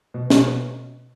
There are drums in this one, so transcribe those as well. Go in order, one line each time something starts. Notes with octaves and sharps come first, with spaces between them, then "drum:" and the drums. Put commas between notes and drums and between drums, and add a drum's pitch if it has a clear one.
B2
B2, drum: snare